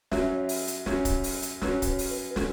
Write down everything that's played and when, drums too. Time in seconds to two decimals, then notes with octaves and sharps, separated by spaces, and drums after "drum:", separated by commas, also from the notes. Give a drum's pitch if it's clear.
0.11 F#2 F#3 C#4 E5, drum: snare
0.24 C#5
0.37 E5
0.49 drum: open hi-hat
0.67 drum: hi-hat
0.86 F#2 F#3 C#4, drum: snare
1.05 drum: kick C#1, hi-hat
1.24 drum: open hi-hat
1.42 drum: hi-hat
1.61 F#2 F#3 C#4 B4, drum: snare
1.82 C#5, drum: kick C#1, hi-hat
1.86 B4
1.99 drum: open hi-hat
2.11 B4
2.31 B4
2.36 F#3 C#4 A4, drum: snare